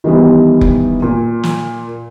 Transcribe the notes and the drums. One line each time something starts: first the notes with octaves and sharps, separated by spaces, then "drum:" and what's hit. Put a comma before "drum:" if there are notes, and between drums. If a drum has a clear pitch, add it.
D#3 E3 G3 B3
drum: kick F1
A#2
drum: snare